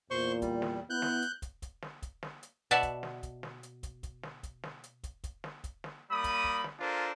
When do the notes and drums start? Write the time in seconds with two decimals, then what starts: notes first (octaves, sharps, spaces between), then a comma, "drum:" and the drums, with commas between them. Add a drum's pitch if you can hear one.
0.11 E2 A#2 C5 C6 C#6
0.42 G3, drum: kick, hi-hat
0.62 drum: snare
0.90 B3 E4 F#6 G6
1.02 drum: snare
1.22 drum: hi-hat
1.42 drum: kick, hi-hat
1.62 drum: kick, hi-hat
1.82 drum: snare
2.02 drum: kick, hi-hat
2.23 drum: snare
2.43 drum: hi-hat
2.71 B2 D5 E5 F#5 A5
2.83 drum: kick, hi-hat
3.03 drum: snare
3.23 drum: kick, hi-hat
3.43 drum: snare
3.63 drum: hi-hat
3.83 drum: kick, hi-hat
4.03 drum: kick, hi-hat
4.23 drum: snare
4.43 drum: kick, hi-hat
4.63 drum: snare
4.84 drum: hi-hat
5.04 drum: kick, hi-hat
5.24 drum: kick, hi-hat
5.44 drum: snare
5.64 drum: kick, hi-hat
5.84 drum: snare
6.11 G3 A#3 B5 D#6
6.24 drum: kick, hi-hat
6.44 drum: kick
6.64 drum: snare
6.80 D4 F4 A4 A#4 C5